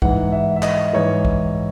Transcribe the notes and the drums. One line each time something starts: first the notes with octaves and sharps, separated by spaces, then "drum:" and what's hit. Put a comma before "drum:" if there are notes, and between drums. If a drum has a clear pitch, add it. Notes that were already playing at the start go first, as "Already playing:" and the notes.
G#2 E3 F#5, drum: kick A#1
E5
E5
D#5, drum: clap
G#2 E3 C#5
drum: kick A#1